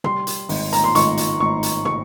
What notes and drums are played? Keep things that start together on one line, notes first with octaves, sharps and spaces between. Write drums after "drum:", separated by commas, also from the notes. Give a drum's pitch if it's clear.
G3 C6, drum: tom
drum: hi-hat
G#1, drum: open hi-hat
A#5, drum: hi-hat
C6
G#1 C#6, drum: hi-hat
drum: hi-hat
G#1 C#6
drum: hi-hat
C#6, drum: tom